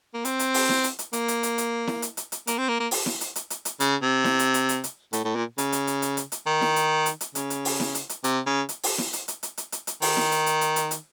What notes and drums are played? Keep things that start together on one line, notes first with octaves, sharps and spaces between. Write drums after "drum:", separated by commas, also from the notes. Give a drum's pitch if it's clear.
A#3
C4, drum: hi-hat
drum: hi-hat
drum: open hi-hat
drum: snare E4
drum: hi-hat
drum: hi-hat
A#3, drum: hi-hat
drum: hi-hat
drum: hi-hat
drum: hi-hat
drum: snare E4
drum: hi-hat
drum: hi-hat
drum: hi-hat
A#3, drum: hi-hat
C4
A#3
A#3
drum: open hi-hat
drum: snare E4
drum: hi-hat
drum: hi-hat
drum: hi-hat
drum: hi-hat
C#3, drum: hi-hat
C3
drum: snare E4
drum: hi-hat
drum: hi-hat
drum: hi-hat
drum: hi-hat
A2, drum: hi-hat
A2
A#2
C#3, drum: hi-hat
drum: hi-hat
drum: hi-hat
drum: hi-hat
drum: hi-hat
drum: hi-hat
D#3
drum: snare E4
drum: hi-hat
drum: hi-hat
drum: hi-hat
C#3, drum: hi-hat
drum: hi-hat
drum: open hi-hat
drum: snare E4
drum: hi-hat
drum: hi-hat
C3, drum: hi-hat
C#3
drum: hi-hat
drum: open hi-hat
drum: snare E4
drum: hi-hat
drum: hi-hat
drum: hi-hat
drum: hi-hat
drum: hi-hat
drum: hi-hat
D#3, drum: open hi-hat
drum: snare E4
drum: hi-hat
drum: hi-hat
drum: hi-hat
drum: hi-hat
drum: hi-hat